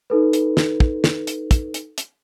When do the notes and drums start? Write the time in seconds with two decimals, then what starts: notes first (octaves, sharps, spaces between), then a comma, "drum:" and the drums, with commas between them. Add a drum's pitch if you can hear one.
0.10 D#4 A4 B4
0.33 drum: hi-hat
0.57 drum: snare
0.80 drum: kick
1.04 drum: snare
1.27 drum: hi-hat
1.51 drum: kick, hi-hat
1.74 drum: hi-hat
1.98 drum: hi-hat